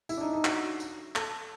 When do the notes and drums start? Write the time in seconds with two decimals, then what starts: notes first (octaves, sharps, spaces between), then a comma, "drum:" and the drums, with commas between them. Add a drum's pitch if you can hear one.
0.09 E4, drum: tambourine
0.17 D4
0.21 D#4
0.33 D#4
0.45 F#4, drum: clap
0.80 drum: tambourine
1.16 A4, drum: clap